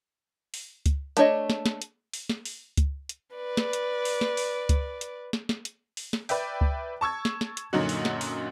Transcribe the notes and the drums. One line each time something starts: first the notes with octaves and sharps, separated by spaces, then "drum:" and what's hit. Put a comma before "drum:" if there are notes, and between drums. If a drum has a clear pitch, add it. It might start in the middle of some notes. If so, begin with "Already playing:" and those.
drum: open hi-hat
drum: kick C#2, hi-hat
A3 D4 C#5 D#5, drum: hi-hat
drum: snare
drum: snare
drum: hi-hat
drum: open hi-hat
drum: snare
drum: open hi-hat
drum: kick C#2, hi-hat
drum: hi-hat
B4 D5
drum: snare
drum: hi-hat
drum: open hi-hat
drum: snare
drum: open hi-hat
drum: kick C#2, hi-hat
drum: hi-hat
drum: snare
drum: snare
drum: hi-hat
drum: open hi-hat
drum: snare
B4 D5 E5 G5, drum: open hi-hat
drum: kick C#2
A5 C#6 E6 G#6
drum: snare
drum: snare
drum: hi-hat
F#2 A#2 D3 F#3 D#4 F#4
drum: open hi-hat
drum: snare
drum: open hi-hat